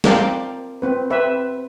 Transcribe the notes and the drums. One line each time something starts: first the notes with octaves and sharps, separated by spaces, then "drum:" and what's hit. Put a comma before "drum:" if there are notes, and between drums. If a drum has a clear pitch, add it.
C4 A#4 D5 F5 G5, drum: snare
C4 B4
C4 B4 E5